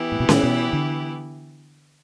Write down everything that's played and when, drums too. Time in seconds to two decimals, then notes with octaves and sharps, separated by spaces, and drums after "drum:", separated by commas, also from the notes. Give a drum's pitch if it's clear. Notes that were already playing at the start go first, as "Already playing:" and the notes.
Already playing: E3 B3 E4 G4
0.12 A2
0.20 B2
0.29 A2, drum: snare C#4
0.43 B2
0.73 D3